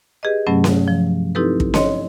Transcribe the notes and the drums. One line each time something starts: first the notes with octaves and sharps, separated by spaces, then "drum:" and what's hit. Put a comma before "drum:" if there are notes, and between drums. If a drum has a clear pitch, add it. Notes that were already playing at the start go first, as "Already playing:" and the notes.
G4 G#4 B4 D#5
G2 C3 F#3 A3 C#4
drum: snare C#4
F3
C4 D#4 E4 G4 A4 B4
drum: kick
C#5 D#5 C6, drum: snare C#4